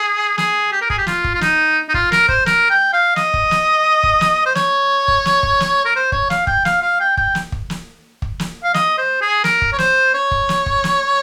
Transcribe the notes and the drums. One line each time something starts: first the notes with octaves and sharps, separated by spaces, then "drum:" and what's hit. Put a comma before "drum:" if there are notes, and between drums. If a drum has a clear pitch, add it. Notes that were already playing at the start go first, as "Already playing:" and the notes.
Already playing: G#4
G#4, drum: snare
G4
A#4
G#4, drum: kick
G4
F4, drum: snare
drum: kick
F4
D#4, drum: snare
D#4
F4, drum: kick
A#4, drum: snare
C5, drum: kick
A#4, drum: snare
G5
F5
D#5, drum: snare
drum: kick
drum: snare
drum: kick
drum: snare
C5
C#5, drum: snare
drum: kick
drum: snare
drum: kick
drum: snare
A#4
C5
C#5, drum: kick
F5, drum: snare
G5, drum: kick
F5, drum: snare
F5
G5
G5, drum: kick
drum: snare
drum: kick
drum: snare
drum: kick
drum: snare
F5
D#5, drum: snare
C5
G#4
A#4, drum: snare
drum: kick
C#5
C5, drum: snare
C#5
drum: kick
drum: snare
drum: kick
drum: snare